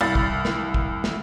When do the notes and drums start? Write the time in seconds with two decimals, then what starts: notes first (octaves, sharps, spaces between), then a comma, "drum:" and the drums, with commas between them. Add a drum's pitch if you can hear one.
0.01 C2 F5 B5 A6
0.15 drum: kick
0.45 drum: snare
0.74 drum: kick
1.04 drum: snare